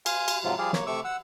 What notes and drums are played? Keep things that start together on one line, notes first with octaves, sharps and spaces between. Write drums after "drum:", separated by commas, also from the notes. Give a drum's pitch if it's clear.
F5 G#5 C6, drum: cymbal
drum: cymbal
G#2 C3 F3 F#3 F4
F3 G3 G#4 D5 F5
A#3 C#5, drum: snare
C3 A3 C#6 D6 E6
F#5 E6